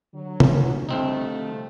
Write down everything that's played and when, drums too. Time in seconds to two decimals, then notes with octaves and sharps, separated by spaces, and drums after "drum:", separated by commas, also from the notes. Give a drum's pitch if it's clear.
0.14 D3 F#3
0.40 drum: tom C3
0.89 C2 F3 A3 C4 D#4